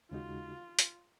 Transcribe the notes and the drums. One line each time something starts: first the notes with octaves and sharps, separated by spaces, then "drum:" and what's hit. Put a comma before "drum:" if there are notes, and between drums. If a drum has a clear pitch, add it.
D#2 C#3 G#3 D#4 F4 F#4
drum: hi-hat